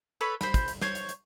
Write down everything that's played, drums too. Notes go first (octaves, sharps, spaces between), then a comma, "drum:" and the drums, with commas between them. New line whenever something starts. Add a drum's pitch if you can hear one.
A4 B4 C#5 B5
C5 B5, drum: snare
drum: kick, hi-hat
drum: hi-hat
C5 C#5, drum: snare
drum: hi-hat
drum: hi-hat